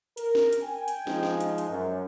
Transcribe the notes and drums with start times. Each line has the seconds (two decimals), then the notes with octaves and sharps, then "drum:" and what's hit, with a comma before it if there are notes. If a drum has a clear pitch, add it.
0.17 A#4, drum: hi-hat
0.35 drum: snare
0.53 drum: hi-hat
0.63 G5 G#5
0.88 drum: hi-hat
1.07 F3 G#3 D#4, drum: snare
1.23 drum: snare
1.40 drum: hi-hat
1.58 drum: hi-hat
1.71 F#2